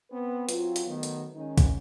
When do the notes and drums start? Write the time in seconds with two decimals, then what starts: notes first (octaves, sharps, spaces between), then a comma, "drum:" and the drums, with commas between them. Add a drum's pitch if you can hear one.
0.10 B3 C4 B4
0.49 F#3 C4 F4, drum: hi-hat
0.76 drum: hi-hat
0.87 D#3 F#3 A3 B3
1.03 drum: hi-hat
1.35 D#3 G#3 C#4 D#4
1.58 drum: kick, hi-hat